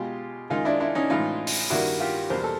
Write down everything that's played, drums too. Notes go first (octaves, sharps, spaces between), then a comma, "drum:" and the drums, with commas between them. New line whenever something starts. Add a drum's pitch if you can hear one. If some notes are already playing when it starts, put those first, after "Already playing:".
Already playing: B2 G#3 F4 G4
F#2 D#3 G#3 D#4 F4
D4 E4
D4 E4
C#4 D#4
A2 E3 G#3 D#4 F4
drum: open hi-hat
G2 D#3 G3 A#3 E4 F#4
F4 G4
E2 B2 G3 A#3 A#4 C5
A4